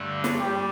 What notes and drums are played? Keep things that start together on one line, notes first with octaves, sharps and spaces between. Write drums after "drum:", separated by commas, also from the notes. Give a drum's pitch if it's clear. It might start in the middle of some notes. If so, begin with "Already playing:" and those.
Already playing: G2 D3 A3 D4
drum: snare
G3 G4